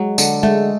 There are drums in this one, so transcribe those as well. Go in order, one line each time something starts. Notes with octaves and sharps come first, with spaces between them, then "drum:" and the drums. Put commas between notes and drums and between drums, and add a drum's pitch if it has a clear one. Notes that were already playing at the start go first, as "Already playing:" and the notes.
Already playing: F#3 G#3
D3, drum: tambourine
G#3 A3